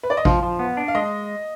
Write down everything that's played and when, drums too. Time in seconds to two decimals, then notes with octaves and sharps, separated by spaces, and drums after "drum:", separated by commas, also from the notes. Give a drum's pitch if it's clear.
0.03 B4
0.10 D5
0.17 D#5
0.25 F3 F5, drum: kick A1
0.43 F3
0.59 B3
0.77 D4
0.88 F5
0.95 G#3 D#5